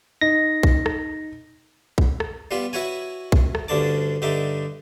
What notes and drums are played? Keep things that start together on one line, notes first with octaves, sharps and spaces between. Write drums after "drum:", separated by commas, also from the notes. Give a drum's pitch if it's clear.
D#4 A#6
drum: kick
drum: rim click
drum: kick
drum: rim click
G3 B3 F4 B4
E4 F#4 B4 C#5 G#5
drum: kick
drum: rim click
D2 G2 D3 C#4 A5 D6
G2 D3 D#4 E5 D6